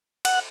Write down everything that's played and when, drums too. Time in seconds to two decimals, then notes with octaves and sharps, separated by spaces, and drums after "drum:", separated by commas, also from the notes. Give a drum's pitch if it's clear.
0.25 F#5, drum: cymbal